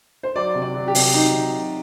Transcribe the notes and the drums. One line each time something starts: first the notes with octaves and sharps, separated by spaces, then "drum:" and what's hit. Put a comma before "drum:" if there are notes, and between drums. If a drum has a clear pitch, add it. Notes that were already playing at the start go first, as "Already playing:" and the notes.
C5
F#3 D5
C3
D5
F#3
G4
C3, drum: open hi-hat
F#3 D#4
C3
F#3